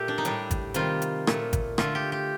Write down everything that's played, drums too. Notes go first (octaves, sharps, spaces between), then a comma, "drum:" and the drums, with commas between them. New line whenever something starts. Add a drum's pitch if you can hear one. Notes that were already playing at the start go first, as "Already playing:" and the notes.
Already playing: A#2 A3 G4
D4
D#4
A2 G3 D4, drum: hi-hat
drum: kick G#1, hi-hat
C3 D#3 G3 F4, drum: hi-hat
drum: hi-hat
A#2 A3, drum: rim click
drum: kick G#1, hi-hat
D3 A3 F4, drum: rim click
G4
G4